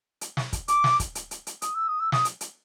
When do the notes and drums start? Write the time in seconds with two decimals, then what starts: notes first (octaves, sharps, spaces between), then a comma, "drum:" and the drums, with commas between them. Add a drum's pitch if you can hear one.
0.21 drum: hi-hat
0.37 drum: snare
0.53 drum: kick, hi-hat
0.68 D6, drum: hi-hat
0.84 drum: snare
1.00 drum: kick, hi-hat
1.15 drum: hi-hat
1.31 drum: hi-hat
1.47 drum: hi-hat
1.62 D#6, drum: hi-hat
1.75 E6
1.88 D#6
2.00 E6
2.12 D#6, drum: snare
2.25 drum: hi-hat
2.41 drum: hi-hat